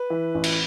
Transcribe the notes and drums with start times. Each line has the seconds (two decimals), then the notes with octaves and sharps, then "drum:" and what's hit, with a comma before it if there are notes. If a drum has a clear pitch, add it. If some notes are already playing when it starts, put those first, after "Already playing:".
Already playing: B4
0.10 E3
0.35 A1
0.44 drum: cymbal